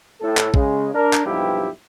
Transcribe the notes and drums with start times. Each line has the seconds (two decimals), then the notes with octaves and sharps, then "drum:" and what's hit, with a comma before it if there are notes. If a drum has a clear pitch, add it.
0.21 A2 A4
0.37 drum: clap
0.54 C#3 G#3, drum: kick
0.94 D4 A#4
1.13 drum: clap
1.25 B1 G2 F3 G3 E4 G4